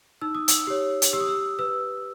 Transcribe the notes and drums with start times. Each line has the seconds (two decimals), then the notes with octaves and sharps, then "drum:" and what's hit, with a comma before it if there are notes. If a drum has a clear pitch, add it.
0.21 D#4 E6
0.35 D#6
0.48 E6, drum: hi-hat
0.67 G4 C#5
1.02 drum: hi-hat
1.13 G4 E6
1.20 D#6
1.28 E6
1.59 B4 E6